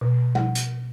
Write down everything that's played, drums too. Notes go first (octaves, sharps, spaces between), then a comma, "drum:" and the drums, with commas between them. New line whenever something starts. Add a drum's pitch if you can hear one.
B2
F#5, drum: tom G3
drum: hi-hat